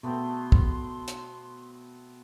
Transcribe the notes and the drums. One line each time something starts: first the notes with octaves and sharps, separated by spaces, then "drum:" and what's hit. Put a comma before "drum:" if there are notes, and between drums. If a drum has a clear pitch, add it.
B2 A3 B3 C4 C6
drum: kick
drum: hi-hat